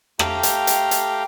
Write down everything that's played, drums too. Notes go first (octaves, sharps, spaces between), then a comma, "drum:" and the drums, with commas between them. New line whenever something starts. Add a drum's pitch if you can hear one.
A3 G4 F5 G5 A#5, drum: rim click
drum: hi-hat
drum: hi-hat
drum: hi-hat